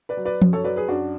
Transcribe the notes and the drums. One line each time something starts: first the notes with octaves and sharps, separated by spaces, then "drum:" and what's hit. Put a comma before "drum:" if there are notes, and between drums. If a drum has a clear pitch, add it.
B4 D5
F#3
B4 D5
F#2, drum: tom F3
A4 C#5
F#3 B4 D5
G#4 B4
F#2 D4 F#4